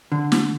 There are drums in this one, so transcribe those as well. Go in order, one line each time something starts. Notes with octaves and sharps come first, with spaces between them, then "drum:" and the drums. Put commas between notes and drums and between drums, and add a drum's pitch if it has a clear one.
D3
drum: snare